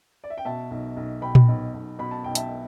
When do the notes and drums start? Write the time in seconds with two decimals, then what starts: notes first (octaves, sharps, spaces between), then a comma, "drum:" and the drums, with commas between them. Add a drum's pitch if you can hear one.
0.24 D5
0.30 E5
0.38 G5
0.45 B2 E5 A5
0.71 B1
0.96 B1
1.22 B2 G5 B5
1.35 drum: tom A#2
1.48 B1
1.74 B1
1.99 B2 B5
2.11 A5
2.24 B1 G5
2.35 E5 A5, drum: hi-hat